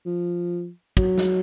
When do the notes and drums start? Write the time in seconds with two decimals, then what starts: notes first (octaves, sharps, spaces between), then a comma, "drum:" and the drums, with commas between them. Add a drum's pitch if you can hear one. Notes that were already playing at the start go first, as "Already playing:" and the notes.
0.06 F3
0.97 F#3, drum: kick
1.18 drum: snare